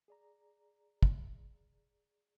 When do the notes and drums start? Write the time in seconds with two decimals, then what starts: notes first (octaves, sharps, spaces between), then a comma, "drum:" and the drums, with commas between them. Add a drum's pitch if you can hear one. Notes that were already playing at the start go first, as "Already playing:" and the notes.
0.08 G#4 D5 A#5
1.03 drum: kick